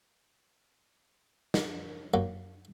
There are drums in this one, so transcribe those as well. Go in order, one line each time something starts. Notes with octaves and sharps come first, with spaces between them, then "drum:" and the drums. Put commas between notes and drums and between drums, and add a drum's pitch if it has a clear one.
drum: snare
F#2 A#3